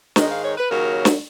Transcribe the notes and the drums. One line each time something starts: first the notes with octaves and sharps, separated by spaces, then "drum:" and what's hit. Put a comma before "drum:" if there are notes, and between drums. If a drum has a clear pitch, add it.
G#2 D#3 G#3 D#5, drum: snare
F5
C#5
B4
D#2 C#3 F#3 A#4
drum: snare